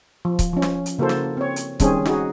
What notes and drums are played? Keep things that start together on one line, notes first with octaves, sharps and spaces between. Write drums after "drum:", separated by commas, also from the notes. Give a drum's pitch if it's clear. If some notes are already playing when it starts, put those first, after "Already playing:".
F3
drum: kick C#1, hi-hat
F3 C#4
drum: snare
drum: hi-hat
C#3 A#3 E4 F#4 A4 C5
drum: snare
C4 C#5
drum: hi-hat
D#3 G3 C4 C#4 G#4, drum: kick C#1, hi-hat
D#4 F#4 G#4, drum: snare